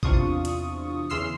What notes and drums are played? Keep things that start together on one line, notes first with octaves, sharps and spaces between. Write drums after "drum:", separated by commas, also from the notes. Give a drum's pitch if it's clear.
E2 C3 D4 F4 C#6 D#6, drum: kick G#1
drum: hi-hat
E2 C#3 C6 E6 F6 C7